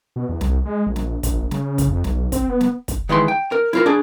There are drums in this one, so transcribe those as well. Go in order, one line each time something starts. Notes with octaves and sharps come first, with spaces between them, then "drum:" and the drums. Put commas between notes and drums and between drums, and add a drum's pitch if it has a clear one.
B2
E2
C2, drum: snare
G#3
A#1
drum: snare
A#1, drum: kick, hi-hat
C#3, drum: snare
drum: kick, hi-hat
F2
B1, drum: snare
C4, drum: kick, hi-hat
B3
drum: snare
drum: kick, hi-hat
D#3 E3 G#3 C6
G5
A#4
E4 F4 A#4, drum: snare
D4 G#4